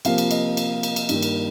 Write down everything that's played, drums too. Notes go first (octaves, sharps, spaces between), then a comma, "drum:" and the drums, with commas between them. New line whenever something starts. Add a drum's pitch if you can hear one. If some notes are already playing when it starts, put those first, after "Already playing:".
C3 F3 A#3 F5, drum: cymbal
drum: cymbal
D#5, drum: cymbal
drum: cymbal
drum: cymbal
drum: cymbal
G2 D#3 A#3, drum: cymbal
drum: cymbal